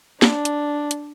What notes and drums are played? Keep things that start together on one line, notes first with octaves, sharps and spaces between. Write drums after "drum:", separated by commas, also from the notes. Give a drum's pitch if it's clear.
D4, drum: snare
drum: hi-hat
drum: hi-hat